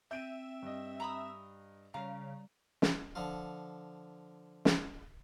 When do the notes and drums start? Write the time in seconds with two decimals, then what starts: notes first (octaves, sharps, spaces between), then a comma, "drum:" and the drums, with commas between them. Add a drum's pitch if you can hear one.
0.11 C4 E5 G6 D7 D#7
0.62 G2 D#5
1.00 A#5 B5 D#6
1.94 C#3 G3 F5 A#5
2.82 drum: snare
3.15 D3 F3 F4
4.65 drum: snare